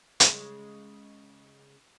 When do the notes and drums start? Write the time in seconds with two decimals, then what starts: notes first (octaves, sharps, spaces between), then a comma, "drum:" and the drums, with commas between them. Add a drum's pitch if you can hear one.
0.20 C#3 G#3, drum: hi-hat